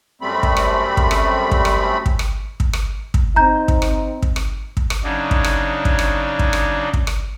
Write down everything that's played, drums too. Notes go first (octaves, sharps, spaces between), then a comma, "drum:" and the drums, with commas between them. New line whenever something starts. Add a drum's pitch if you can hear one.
F#2 G3 A3 C4 B5
drum: kick
drum: rim click
drum: kick
drum: rim click
drum: kick
drum: rim click
drum: kick
drum: rim click
drum: kick
drum: rim click
drum: kick
C4 D#4 A#5 G6
drum: kick
drum: rim click
drum: kick
drum: rim click
drum: kick
drum: rim click
C#3 F#3 D4 D#4
drum: kick
drum: rim click
drum: kick
drum: rim click
drum: kick
drum: rim click
drum: kick
drum: rim click